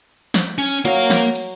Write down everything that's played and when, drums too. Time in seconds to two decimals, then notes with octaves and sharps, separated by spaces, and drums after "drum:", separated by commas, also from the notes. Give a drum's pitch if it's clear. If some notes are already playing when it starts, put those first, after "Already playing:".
0.34 drum: snare
0.58 C#4
0.85 F#3 A#3 F5, drum: cymbal
1.10 drum: snare
1.35 drum: cymbal